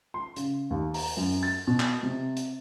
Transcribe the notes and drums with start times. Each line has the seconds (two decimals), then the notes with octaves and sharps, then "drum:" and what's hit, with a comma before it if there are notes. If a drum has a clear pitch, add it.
0.14 C6
0.36 C#3, drum: hi-hat
0.70 D#2
0.94 A#5, drum: open hi-hat
1.17 F#2
1.43 A6
1.67 B2
1.80 drum: clap
2.03 C3
2.37 drum: hi-hat